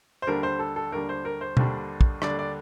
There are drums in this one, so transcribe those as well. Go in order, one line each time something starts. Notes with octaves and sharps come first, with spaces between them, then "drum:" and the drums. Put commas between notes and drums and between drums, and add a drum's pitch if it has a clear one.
C5
D#2 D3 G3 D4 A#4
C5
A4
A4
D#2 D3 G3 D4 A#4
C5
A#4
C5
D#2 D3 G3 D4, drum: tom B2
drum: kick
D#2 D3 G3 D4 D5, drum: rim click
D5